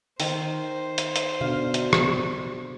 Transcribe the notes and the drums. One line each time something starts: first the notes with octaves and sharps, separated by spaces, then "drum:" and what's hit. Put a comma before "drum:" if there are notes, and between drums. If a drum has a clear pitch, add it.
D#3 C5, drum: open hi-hat
drum: hi-hat
drum: hi-hat
B2 D3 F5
drum: hi-hat
drum: rim click